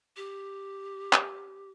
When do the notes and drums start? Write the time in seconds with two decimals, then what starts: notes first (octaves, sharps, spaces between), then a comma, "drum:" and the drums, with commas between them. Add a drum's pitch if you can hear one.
0.17 G4
1.13 drum: clap